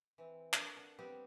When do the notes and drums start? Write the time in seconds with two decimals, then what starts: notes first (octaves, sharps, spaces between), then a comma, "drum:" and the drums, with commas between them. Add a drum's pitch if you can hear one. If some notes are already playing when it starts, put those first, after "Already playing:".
0.18 E3 C4
0.53 D4 A4 A#4, drum: clap
0.77 D4 F#5
0.99 G3 B3 C4 G4